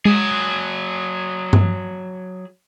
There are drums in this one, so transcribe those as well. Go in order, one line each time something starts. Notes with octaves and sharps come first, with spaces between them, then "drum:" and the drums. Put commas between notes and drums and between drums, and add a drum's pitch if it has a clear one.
F#3 G#3 G#4
drum: tom G2